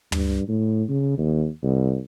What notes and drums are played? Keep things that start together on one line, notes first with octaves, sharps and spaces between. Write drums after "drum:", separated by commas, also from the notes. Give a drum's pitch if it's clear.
G2, drum: tom
A2
C#3
D#2
C2